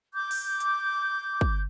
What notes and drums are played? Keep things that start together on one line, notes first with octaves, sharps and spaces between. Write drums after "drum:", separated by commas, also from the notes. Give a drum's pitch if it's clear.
D6 G6
drum: open hi-hat
drum: hi-hat
drum: kick